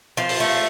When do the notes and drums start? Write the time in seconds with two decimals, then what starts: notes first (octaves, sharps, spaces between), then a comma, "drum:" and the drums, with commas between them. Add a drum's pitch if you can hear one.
0.17 F3 F4
0.29 drum: open hi-hat
0.40 A3